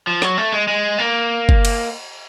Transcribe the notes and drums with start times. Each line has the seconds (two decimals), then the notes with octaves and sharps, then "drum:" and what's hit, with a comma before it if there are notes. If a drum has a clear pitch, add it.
0.07 F3
0.22 F#3, drum: rim click
0.38 A3
0.52 G#3
0.67 G#3
0.98 A#3
1.49 drum: kick
1.65 drum: cymbal